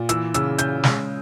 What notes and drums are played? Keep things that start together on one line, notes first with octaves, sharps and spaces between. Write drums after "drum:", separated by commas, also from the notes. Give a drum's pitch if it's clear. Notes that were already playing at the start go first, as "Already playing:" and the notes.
Already playing: A#2
E3 E6, drum: hi-hat
C#3 E6, drum: hi-hat
C#3 G6, drum: hi-hat
G#3, drum: snare